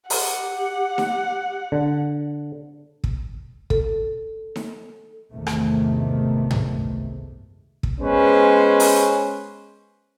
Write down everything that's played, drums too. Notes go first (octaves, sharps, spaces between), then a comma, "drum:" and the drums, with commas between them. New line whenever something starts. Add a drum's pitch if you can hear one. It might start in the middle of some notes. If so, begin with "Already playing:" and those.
G4 F#5, drum: open hi-hat
drum: snare D#4
D3
drum: kick
A4, drum: kick
drum: snare D#4
G#1 E2 C3 D#3 A3
drum: rim click
drum: tom
drum: kick
G#3 B3 C#4 B4 C5
drum: open hi-hat